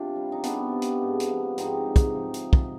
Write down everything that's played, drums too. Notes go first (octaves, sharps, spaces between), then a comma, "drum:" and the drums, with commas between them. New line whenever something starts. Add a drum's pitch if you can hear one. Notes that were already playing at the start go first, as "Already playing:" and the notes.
Already playing: C3 D4 F4
G3
D#4
C3 B3 D4, drum: hi-hat
C3
drum: hi-hat
G#2
drum: hi-hat
F3
G#2 C4 D#4, drum: hi-hat
G#2
drum: kick, hi-hat
F3
drum: hi-hat
drum: kick